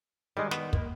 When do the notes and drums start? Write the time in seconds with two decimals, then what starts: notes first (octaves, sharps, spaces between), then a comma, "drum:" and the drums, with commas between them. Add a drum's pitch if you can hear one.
0.37 D#3 G3 G#3
0.51 B3, drum: snare
0.73 A#3, drum: kick